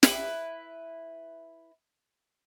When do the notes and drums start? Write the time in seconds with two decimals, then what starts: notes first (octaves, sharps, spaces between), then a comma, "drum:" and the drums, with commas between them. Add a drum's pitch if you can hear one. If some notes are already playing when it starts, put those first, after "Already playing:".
0.03 E4 B4, drum: snare